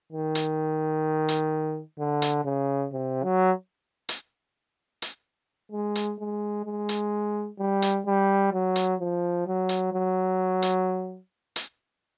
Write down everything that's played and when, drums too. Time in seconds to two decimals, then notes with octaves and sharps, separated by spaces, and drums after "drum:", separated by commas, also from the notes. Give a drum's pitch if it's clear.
0.12 D#3
0.35 drum: hi-hat
1.29 drum: hi-hat
1.99 D3
2.22 drum: hi-hat
2.45 C#3
2.93 C3
3.23 F#3
4.09 drum: hi-hat
5.02 drum: hi-hat
5.72 G#3
5.95 drum: hi-hat
6.19 G#3
6.65 G#3
6.89 drum: hi-hat
7.59 G3
7.82 drum: hi-hat
8.06 G3
8.53 F#3
8.76 drum: hi-hat
8.99 F3
9.46 F#3
9.69 drum: hi-hat
9.93 F#3
10.62 drum: hi-hat
11.56 drum: hi-hat